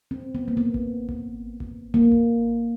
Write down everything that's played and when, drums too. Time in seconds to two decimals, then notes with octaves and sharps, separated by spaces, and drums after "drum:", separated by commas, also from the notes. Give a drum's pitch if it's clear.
0.11 C4
0.35 B3
0.48 A#3
0.57 B3
0.74 drum: kick G#1
1.09 drum: kick G#1
1.60 drum: kick G#1
1.94 A#3
2.12 drum: kick G#1